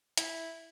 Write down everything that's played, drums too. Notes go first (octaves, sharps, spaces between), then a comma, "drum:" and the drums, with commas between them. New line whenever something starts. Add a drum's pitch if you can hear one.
E4, drum: hi-hat